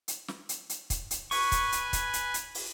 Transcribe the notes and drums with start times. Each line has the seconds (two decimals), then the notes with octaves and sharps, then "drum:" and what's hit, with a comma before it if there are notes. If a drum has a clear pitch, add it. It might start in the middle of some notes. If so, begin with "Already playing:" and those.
0.08 drum: hi-hat
0.28 drum: snare
0.49 drum: hi-hat
0.69 drum: hi-hat
0.90 drum: kick, hi-hat
1.11 drum: hi-hat
1.31 B4 G#5 C#6, drum: open hi-hat
1.52 drum: kick, hi-hat
1.72 drum: hi-hat
1.93 drum: kick, hi-hat
2.13 drum: hi-hat
2.34 drum: hi-hat
2.55 drum: open hi-hat